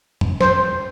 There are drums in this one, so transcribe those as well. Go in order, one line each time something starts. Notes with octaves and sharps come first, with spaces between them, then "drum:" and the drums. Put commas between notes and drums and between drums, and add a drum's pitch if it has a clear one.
drum: tom F2
C5, drum: snare